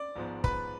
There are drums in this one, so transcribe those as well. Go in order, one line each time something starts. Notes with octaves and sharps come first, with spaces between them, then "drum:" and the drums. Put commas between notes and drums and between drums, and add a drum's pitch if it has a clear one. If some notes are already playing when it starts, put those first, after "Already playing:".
Already playing: D5 D6
G#1 G#2 F3 B3
B4 B5, drum: kick